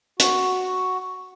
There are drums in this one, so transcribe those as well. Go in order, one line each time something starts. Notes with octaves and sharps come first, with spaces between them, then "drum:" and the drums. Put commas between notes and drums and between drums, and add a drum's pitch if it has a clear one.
F#4, drum: hi-hat